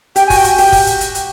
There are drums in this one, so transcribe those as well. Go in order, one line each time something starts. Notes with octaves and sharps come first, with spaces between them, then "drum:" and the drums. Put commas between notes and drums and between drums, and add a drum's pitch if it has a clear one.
G4 G5, drum: hi-hat
G#5
F#4, drum: kick, open hi-hat
G5
F#4, drum: hi-hat
G4 G5, drum: open hi-hat
drum: kick, open hi-hat
drum: hi-hat
drum: hi-hat
drum: hi-hat